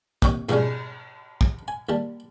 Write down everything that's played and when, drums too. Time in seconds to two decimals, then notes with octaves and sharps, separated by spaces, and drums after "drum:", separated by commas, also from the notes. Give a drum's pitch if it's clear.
0.22 D#2 C3 D#4 C#5 G5 C#6, drum: kick
0.49 G#2 B2 F3 G3 G#3 C#4, drum: cymbal
1.41 drum: kick
1.68 G#5
1.89 D#2 G3 A5